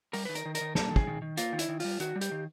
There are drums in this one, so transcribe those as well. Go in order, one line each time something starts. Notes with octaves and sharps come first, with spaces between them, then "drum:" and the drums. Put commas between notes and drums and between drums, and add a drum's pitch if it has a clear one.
G3 A#4, drum: open hi-hat
D#3 B4
A#4, drum: hi-hat
D#3
A#4, drum: hi-hat
D#3
A#3 A4, drum: snare
D#3
G#4, drum: kick
D#3
D#3
A#3 F4, drum: hi-hat
D#3
E4, drum: hi-hat
D#3
G3 F4, drum: open hi-hat
D#3 F#4, drum: hi-hat
G3
G4, drum: hi-hat
D#3